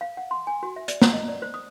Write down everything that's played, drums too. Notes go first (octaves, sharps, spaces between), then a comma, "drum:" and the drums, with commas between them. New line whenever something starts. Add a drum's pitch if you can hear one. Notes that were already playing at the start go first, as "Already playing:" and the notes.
F5
F#5
C6
G#5
F#4
E5
D5, drum: hi-hat
A#5, drum: snare
D#5
D5
C5
D#6